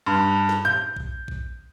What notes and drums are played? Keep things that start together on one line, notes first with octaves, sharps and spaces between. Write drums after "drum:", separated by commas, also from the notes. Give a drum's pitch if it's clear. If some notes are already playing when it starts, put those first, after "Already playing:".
G2
drum: snare
G6
drum: kick A#1
drum: kick A#1